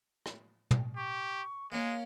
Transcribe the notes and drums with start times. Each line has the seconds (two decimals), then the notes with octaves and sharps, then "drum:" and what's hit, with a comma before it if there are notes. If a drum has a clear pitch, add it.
0.26 drum: rim click
0.71 drum: tom
0.97 G4 C#6
1.72 G#3 A#3 C#4